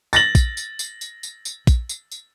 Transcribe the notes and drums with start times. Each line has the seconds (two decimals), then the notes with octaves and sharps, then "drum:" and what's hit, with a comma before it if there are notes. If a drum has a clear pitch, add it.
0.13 A6 A#6 F#7, drum: tambourine
0.35 drum: kick, tambourine
0.57 drum: tambourine
0.79 drum: tambourine
1.01 drum: tambourine
1.23 drum: tambourine
1.45 drum: tambourine
1.67 drum: kick, tambourine
1.89 drum: tambourine
2.11 drum: tambourine